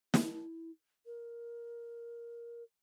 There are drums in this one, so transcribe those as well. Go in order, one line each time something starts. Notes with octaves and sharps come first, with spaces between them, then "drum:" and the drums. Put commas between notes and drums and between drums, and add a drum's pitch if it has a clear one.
E4, drum: snare
A#4